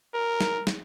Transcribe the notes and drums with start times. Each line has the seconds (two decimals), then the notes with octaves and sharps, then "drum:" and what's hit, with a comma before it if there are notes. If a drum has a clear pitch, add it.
0.14 A#4
0.41 drum: snare
0.67 drum: snare